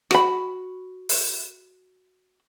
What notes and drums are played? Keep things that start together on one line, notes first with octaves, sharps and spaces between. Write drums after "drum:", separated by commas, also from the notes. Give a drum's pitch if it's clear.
F#4 B5, drum: rim click
drum: open hi-hat